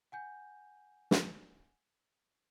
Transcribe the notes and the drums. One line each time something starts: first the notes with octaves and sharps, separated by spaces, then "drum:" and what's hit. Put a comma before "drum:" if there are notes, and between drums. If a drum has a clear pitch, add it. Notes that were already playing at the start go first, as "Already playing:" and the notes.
F#5 G#5 G6
drum: snare